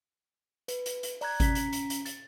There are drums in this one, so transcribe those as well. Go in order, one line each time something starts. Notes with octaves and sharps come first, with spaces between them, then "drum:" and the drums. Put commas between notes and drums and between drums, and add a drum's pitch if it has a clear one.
B4, drum: hi-hat
drum: hi-hat
drum: hi-hat
D5 A#5 F#6 G#6, drum: open hi-hat
C#4 A#5 B6, drum: kick G#1, hi-hat
drum: hi-hat
drum: hi-hat
drum: hi-hat
A6, drum: hi-hat